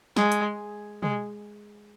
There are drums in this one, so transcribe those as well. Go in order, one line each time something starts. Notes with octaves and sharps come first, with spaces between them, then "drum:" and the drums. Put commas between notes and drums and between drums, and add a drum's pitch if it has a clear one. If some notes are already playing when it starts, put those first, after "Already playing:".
G#3, drum: snare
drum: hi-hat
G#3, drum: tom